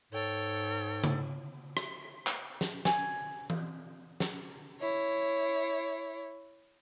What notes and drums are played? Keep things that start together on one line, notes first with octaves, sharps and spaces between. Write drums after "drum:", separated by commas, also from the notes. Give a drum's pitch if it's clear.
G#2 A4 C#5 G5
drum: tom C#3
drum: rim click
drum: clap
drum: snare
G#5, drum: snare
drum: tom E3
drum: snare
E4 C#5